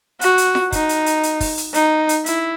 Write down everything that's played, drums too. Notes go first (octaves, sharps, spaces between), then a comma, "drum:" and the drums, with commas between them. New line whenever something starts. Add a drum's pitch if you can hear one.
F#4, drum: hi-hat
drum: hi-hat
drum: snare F4
D#4, drum: kick, hi-hat
drum: hi-hat
drum: hi-hat
drum: hi-hat
drum: kick, open hi-hat
drum: hi-hat
D#4, drum: hi-hat
drum: hi-hat
E4, drum: hi-hat